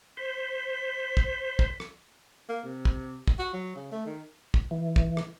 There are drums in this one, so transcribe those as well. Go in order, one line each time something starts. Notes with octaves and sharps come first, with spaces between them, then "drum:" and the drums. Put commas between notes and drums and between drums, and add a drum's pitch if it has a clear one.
C5 B6
drum: kick
drum: kick
drum: rim click
A#3
C3
drum: kick
drum: kick
F#4
F#3
C#3
A3
D#3
drum: kick
E3
drum: kick
drum: rim click